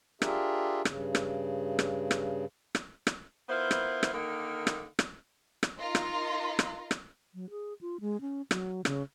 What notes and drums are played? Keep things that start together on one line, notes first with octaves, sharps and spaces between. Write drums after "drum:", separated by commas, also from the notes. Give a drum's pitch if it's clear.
D4 F4 G4 G#4 A#4 E5, drum: rim click
G2 C#3, drum: rim click
drum: rim click
drum: rim click
drum: rim click
drum: rim click
drum: rim click
B3 E4 F4 A#4 C5
drum: rim click
drum: rim click
D3 D#3 A#3
drum: rim click
drum: rim click
drum: rim click
D#4 F4 A#4 A#5 C6
drum: rim click
drum: rim click
drum: rim click
F#3
G#4
F4
G#3
C#4
F#3, drum: rim click
C#3, drum: rim click